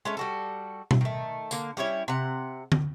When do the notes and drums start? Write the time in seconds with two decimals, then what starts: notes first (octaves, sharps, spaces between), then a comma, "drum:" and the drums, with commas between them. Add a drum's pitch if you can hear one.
0.05 G#3 A3 C#4
0.17 G3 F#4 A4
0.91 drum: tom B2
1.01 D#3 A3
1.51 D3 A#3, drum: tambourine
1.77 G3 C#4 E4 C#5
2.08 C3 F#5
2.72 drum: tom D3